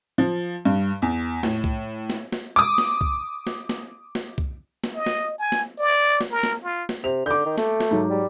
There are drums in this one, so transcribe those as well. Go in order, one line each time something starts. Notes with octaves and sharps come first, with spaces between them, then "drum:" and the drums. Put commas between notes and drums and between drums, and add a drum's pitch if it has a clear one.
F3
G2
E2
A2, drum: snare
drum: kick
drum: snare
drum: snare
D6 D#6
drum: snare
drum: kick
drum: snare
drum: snare
drum: snare
drum: kick
drum: snare
D#5
drum: snare
G#5
drum: snare
D5
drum: snare
A#4
drum: snare
F4
drum: snare
C3 F7
D3 D6 G6
D#3
A3, drum: snare
drum: snare
G#2 F#3
G3